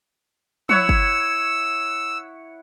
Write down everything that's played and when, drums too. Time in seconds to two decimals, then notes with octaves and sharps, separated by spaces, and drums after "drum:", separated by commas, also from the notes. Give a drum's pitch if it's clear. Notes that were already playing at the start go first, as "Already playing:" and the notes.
0.69 E4 C#5 F#5 E6, drum: tom
0.89 drum: kick